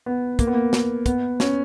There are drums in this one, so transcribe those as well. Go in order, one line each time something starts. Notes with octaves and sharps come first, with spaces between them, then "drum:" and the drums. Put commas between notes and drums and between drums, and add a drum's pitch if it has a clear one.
B3
A#3, drum: kick, hi-hat
B3
A#3
drum: snare
B3, drum: kick, hi-hat
C#4, drum: snare